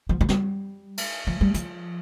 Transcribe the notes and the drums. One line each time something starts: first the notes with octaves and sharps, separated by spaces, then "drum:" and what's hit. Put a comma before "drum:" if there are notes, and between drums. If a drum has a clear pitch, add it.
F3
F3
G3, drum: snare
drum: cymbal
F3
G3
F3, drum: hi-hat